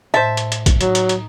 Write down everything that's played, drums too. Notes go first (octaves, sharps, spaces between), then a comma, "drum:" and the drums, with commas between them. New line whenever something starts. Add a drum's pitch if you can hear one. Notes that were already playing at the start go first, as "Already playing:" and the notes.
A2 C5 E5 A5
drum: hi-hat
drum: hi-hat
drum: kick, hi-hat
A2 F#3 D#4, drum: hi-hat
drum: hi-hat
drum: hi-hat